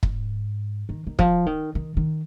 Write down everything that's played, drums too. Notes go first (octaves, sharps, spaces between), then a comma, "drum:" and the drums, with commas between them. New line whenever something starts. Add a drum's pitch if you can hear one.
G#2, drum: kick
D#3
D#3
F3, drum: kick
D#3
D#3
D#3